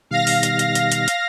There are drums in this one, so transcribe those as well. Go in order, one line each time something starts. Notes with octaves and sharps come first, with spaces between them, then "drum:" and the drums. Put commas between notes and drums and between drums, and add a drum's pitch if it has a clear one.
B2 D#3 G3 F5 A#6
drum: open hi-hat
drum: hi-hat
drum: hi-hat
drum: hi-hat
drum: hi-hat
drum: hi-hat